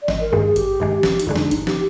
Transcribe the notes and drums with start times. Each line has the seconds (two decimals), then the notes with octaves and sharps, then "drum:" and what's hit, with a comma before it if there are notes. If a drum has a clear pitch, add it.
0.02 D5
0.08 G#1 D#5, drum: snare
0.20 A#4
0.32 G2 D#3 G#3 G#4
0.44 G#4
0.56 G#1 G4, drum: hi-hat
0.80 G2 D#3 G#3
1.03 G1 G4, drum: snare
1.20 D#4, drum: hi-hat
1.27 F2 D3 G#3
1.36 D4, drum: snare
1.51 G1 D#4, drum: hi-hat
1.67 G4, drum: snare